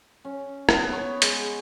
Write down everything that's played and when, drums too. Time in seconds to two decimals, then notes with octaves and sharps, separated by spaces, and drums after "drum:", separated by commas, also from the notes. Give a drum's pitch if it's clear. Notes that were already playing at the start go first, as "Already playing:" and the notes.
0.25 C#4
0.69 B3, drum: rim click
0.93 C#5
1.22 G#3, drum: hi-hat